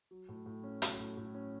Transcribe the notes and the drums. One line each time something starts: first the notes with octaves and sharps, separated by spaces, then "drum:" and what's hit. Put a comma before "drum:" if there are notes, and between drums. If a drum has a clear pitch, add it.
F#3
A2
A2
C#4
F#3, drum: hi-hat
A2
A2
C#4